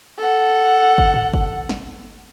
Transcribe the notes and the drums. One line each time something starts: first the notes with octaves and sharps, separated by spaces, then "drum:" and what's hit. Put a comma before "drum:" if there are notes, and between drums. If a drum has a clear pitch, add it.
A4 F#5
drum: kick G1
drum: tom
drum: kick G1
drum: snare